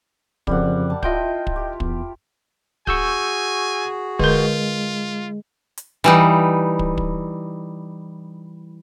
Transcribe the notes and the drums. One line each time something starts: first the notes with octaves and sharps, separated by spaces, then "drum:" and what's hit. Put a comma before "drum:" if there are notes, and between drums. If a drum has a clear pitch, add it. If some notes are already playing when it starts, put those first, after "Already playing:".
F2 C#3 F3 G3 A#3 F#5, drum: kick
A5
E4 F4 D#5 E5 G5 G6, drum: kick
drum: kick
G4
E2, drum: kick
F#4 G#4 G#5 C#6 E6 G6, drum: kick
D3 G#3 F4 A#4, drum: kick
drum: hi-hat
E3 G3 D#4
drum: kick
drum: kick